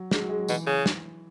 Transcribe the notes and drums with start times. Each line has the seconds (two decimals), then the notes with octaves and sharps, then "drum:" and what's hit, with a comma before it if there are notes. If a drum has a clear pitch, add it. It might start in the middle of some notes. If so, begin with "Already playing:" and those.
Already playing: F#3
0.11 G#3, drum: snare
0.20 F#3
0.29 G#3
0.39 F#3
0.48 B2 E3, drum: tambourine
0.67 C#3
0.86 drum: snare